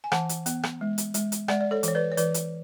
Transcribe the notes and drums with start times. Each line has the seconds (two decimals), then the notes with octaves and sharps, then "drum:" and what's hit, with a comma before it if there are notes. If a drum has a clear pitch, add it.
0.04 G#5
0.12 E3 F#5 A5, drum: rim click
0.29 drum: hi-hat
0.46 B3, drum: hi-hat
0.63 drum: rim click
0.81 G#3
0.98 drum: hi-hat
1.14 G#3, drum: hi-hat
1.32 drum: hi-hat
1.48 G#3 D5 F#5, drum: rim click
1.61 D5
1.71 A4 C#5
1.83 E3 C#5, drum: hi-hat
1.95 B4 D5
2.12 C#5
2.17 E3 B4 D5, drum: hi-hat
2.34 drum: hi-hat